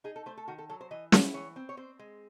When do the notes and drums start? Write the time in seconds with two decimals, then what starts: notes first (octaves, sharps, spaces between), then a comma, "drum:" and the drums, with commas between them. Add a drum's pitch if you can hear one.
0.04 D#4 G#4
0.16 A4
0.26 A3 C5
0.37 A4
0.48 D#3 F#4
0.58 A4
0.69 F#3 A4
0.81 C5
0.91 E3 D#5
1.12 E4, drum: snare
1.34 E3 C#5
1.56 C4
1.69 C#5
1.77 C4 C5
1.99 G#3